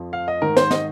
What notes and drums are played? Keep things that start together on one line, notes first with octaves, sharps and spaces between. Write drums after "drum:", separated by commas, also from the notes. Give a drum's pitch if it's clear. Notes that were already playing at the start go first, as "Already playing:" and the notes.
Already playing: F2 F3
F5
D#5
G#2 D#3 A#4
C5, drum: snare
D#5, drum: snare